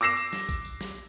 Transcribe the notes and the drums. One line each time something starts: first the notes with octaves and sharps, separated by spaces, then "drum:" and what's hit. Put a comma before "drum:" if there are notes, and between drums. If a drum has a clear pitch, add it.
D6 E6 A#6 C7 E7
drum: tambourine
drum: snare
drum: kick, tambourine
drum: tambourine
drum: snare